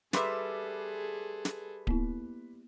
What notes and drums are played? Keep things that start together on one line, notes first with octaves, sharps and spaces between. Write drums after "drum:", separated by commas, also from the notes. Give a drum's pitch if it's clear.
G3 G#4 A4 B4 E5 C6 D6, drum: snare
drum: snare
A#3 B3 E4, drum: kick D1